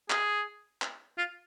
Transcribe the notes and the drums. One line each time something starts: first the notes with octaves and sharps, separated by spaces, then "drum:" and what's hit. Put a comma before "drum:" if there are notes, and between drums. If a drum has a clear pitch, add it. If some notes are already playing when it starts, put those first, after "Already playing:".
G#4, drum: clap
drum: clap
F4